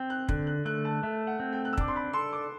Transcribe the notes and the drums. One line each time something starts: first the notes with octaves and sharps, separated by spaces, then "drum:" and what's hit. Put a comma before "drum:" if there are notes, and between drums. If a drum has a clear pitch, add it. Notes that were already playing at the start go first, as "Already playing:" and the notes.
Already playing: C4 G5
F#6
D3 F#6, drum: kick
F#6
A3 F#6
A5
A3 E5
F#5
C4
G5
F#6
E6
D4 D6, drum: kick
C6
B5
A4 C6
D6